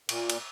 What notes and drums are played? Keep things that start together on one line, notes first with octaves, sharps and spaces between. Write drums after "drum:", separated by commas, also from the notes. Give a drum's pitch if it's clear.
A#2, drum: cymbal
drum: cymbal